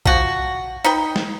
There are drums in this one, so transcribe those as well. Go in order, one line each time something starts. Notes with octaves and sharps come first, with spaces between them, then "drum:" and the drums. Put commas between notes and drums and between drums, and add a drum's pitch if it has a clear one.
F3 F#4, drum: kick A#1
D#4 B4 G5
drum: snare